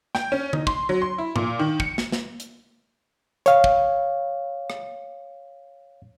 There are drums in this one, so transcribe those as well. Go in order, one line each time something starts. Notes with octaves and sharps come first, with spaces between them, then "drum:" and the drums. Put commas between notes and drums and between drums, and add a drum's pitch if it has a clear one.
G5, drum: snare
C#4
D#4, drum: tom D3
C6, drum: kick
F#3
C6
E4
A#2, drum: tom G#2
D#3
C#7, drum: kick
drum: snare
drum: snare
drum: hi-hat
C#5 F5, drum: hi-hat
drum: kick
drum: rim click